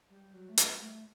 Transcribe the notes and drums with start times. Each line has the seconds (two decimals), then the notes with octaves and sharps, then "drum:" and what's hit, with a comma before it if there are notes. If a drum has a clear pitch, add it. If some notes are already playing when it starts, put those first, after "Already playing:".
0.10 G3
0.33 F#3
0.49 A3
0.58 G3, drum: hi-hat
0.80 A3